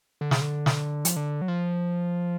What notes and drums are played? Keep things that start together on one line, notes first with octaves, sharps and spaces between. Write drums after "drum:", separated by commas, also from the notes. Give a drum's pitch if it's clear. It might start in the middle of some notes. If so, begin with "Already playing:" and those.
D3
C#3, drum: snare
D3
drum: snare
F3, drum: hi-hat
D3
F#3
F3